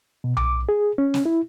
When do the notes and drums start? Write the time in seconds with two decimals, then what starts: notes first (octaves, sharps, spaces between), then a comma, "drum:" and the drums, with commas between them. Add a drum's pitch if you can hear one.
0.24 B2
0.37 D6, drum: tom B1
0.69 G#4
0.98 C#4
1.14 drum: snare
1.26 E4